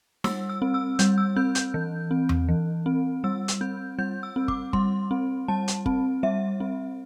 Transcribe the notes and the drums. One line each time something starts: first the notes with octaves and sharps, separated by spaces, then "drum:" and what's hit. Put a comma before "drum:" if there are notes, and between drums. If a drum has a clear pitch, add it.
G3 E6, drum: snare
E6
C4
E6
G3 G6, drum: hi-hat
E6
C4 G6
G6, drum: hi-hat
E3
C4
drum: tom E2
E3
C4
G3 E6
drum: hi-hat
C4 G6
G3 G6
E6
C4
D6, drum: kick G1
G3 C6, drum: kick G1
C4
G3 A5
drum: hi-hat
C4, drum: kick G1
G3 E5
C4